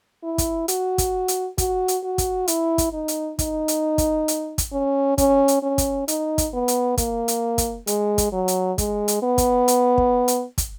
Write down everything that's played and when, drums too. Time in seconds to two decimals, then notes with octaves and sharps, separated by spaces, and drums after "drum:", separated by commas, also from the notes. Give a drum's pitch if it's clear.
0.23 E4
0.38 drum: kick, hi-hat
0.68 F#4, drum: hi-hat
0.98 drum: kick, hi-hat
1.28 drum: hi-hat
1.58 F#4, drum: kick, hi-hat
1.88 drum: hi-hat
2.04 F#4
2.18 drum: kick, hi-hat
2.48 E4, drum: hi-hat
2.78 drum: kick, hi-hat
2.93 D#4
3.08 drum: hi-hat
3.39 D#4, drum: kick, hi-hat
3.68 drum: hi-hat
3.98 drum: kick, hi-hat
4.28 drum: hi-hat
4.58 drum: kick, hi-hat
4.72 C#4
5.18 C#4, drum: kick, hi-hat
5.48 drum: hi-hat
5.63 C#4
5.78 drum: kick, hi-hat
6.08 D#4, drum: hi-hat
6.38 drum: kick, hi-hat
6.54 B3
6.68 drum: hi-hat
6.98 A#3, drum: kick, hi-hat
7.28 drum: hi-hat
7.58 drum: kick, hi-hat
7.87 G#3, drum: hi-hat
8.18 drum: kick, hi-hat
8.32 F#3
8.48 drum: hi-hat
8.78 G#3, drum: kick, hi-hat
9.08 drum: hi-hat
9.23 B3
9.38 drum: kick, hi-hat
9.68 drum: hi-hat
9.98 drum: kick
10.28 drum: hi-hat
10.58 drum: kick, hi-hat